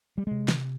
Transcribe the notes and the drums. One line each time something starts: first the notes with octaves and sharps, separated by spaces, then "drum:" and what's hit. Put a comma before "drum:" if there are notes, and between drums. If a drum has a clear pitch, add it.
G3
C3 G#3
drum: snare